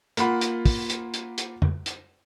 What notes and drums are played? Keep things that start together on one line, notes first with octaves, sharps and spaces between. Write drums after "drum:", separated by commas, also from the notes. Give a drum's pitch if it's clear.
A#3 F4 F#5 B5, drum: hi-hat
drum: hi-hat
drum: kick, open hi-hat
drum: hi-hat
drum: hi-hat
drum: hi-hat
drum: tom
drum: hi-hat